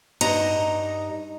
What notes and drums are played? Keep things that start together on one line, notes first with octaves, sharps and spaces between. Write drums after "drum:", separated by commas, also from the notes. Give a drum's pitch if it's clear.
G2 D#4 A#5, drum: cymbal